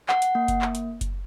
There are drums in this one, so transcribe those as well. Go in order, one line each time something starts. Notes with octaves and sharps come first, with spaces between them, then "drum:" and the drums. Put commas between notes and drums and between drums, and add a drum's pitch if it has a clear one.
F#5, drum: clap
drum: hi-hat
A#3
drum: kick F#1, hi-hat
drum: clap
drum: hi-hat
drum: kick F#1, hi-hat